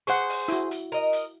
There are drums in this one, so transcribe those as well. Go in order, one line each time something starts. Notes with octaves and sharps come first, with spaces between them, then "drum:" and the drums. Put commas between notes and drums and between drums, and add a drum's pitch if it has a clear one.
G#4 C5 F#5 C#6, drum: hi-hat
drum: open hi-hat
E4 F#4, drum: hi-hat
drum: hi-hat
A#4 D#5
drum: hi-hat